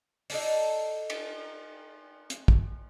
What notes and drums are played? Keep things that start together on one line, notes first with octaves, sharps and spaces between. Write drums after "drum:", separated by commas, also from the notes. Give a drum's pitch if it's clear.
D#4 A4 D5, drum: open hi-hat
drum: cymbal
drum: hi-hat
drum: kick